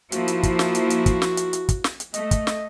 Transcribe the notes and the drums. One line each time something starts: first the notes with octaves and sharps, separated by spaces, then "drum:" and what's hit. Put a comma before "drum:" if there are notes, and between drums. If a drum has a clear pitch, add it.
F3 A#3 E4 F#4, drum: hi-hat
drum: hi-hat
drum: kick, hi-hat
drum: snare
drum: hi-hat
drum: hi-hat
drum: kick, hi-hat
drum: snare
drum: hi-hat
drum: hi-hat
drum: kick, hi-hat
drum: snare
drum: hi-hat
A3 D#5, drum: hi-hat
drum: kick, hi-hat
drum: snare